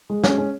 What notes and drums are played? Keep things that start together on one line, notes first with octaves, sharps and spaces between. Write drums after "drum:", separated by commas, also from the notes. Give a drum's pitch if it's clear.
G#3
C#4, drum: snare
C#4